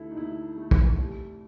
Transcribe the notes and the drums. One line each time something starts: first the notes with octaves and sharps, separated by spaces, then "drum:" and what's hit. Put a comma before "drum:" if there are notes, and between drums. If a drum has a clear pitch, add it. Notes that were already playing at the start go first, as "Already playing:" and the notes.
Already playing: D2 E4 A4
D#4
D2 E4
A3
drum: kick
C2